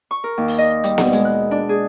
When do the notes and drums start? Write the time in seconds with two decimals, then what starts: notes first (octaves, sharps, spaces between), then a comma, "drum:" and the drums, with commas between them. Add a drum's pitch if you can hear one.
0.11 C#6
0.24 A#4
0.37 D#2
0.48 drum: open hi-hat
0.58 D#5
0.84 G3, drum: hi-hat
0.98 B2, drum: snare B3
1.13 G#3, drum: hi-hat
1.25 F#6
1.51 D4
1.69 G#4